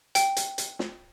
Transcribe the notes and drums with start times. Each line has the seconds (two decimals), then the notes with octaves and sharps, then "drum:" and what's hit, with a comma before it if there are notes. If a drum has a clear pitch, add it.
0.15 G5, drum: hi-hat
0.37 drum: hi-hat
0.58 drum: hi-hat
0.79 drum: snare